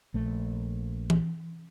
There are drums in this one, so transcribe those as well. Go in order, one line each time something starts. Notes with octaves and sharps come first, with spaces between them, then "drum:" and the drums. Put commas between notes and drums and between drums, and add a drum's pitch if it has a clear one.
A#1 A3
drum: tom E3